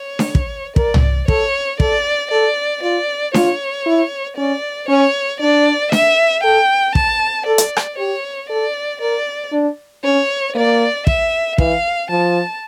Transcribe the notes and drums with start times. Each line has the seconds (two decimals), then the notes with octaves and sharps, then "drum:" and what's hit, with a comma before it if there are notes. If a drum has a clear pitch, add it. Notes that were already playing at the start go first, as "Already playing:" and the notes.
Already playing: C#5
0.19 drum: snare D4
0.35 drum: kick
0.76 A#4 D5, drum: kick
0.94 drum: tom
1.28 A4 C#5, drum: kick
1.80 A4 D5, drum: kick
2.31 A4 D5
2.82 F4 D5
3.34 F4 C#5, drum: snare D4
3.86 E4
4.37 C#4 D5
4.89 C#4 C#5
5.40 D4 D5
5.92 E5, drum: snare D4
6.44 A4 G5
6.95 A5, drum: kick
7.47 A4 D5
7.58 drum: hi-hat
7.77 drum: rim click
7.98 G4 C#5
8.50 A4 D5
9.01 A#4 D5
9.52 D4
10.04 C#4 C#5
10.55 A#3 D5
11.07 E5, drum: kick
11.58 E3 F5, drum: kick
12.10 F3 A5